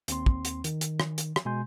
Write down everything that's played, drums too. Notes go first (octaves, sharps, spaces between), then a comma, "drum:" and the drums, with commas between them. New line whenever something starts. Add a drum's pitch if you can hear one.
D#2 C4 C6, drum: hi-hat
drum: kick
drum: hi-hat
D#3, drum: hi-hat
drum: hi-hat
drum: rim click
drum: hi-hat
drum: rim click
B2 G#3 G#5 C6 G6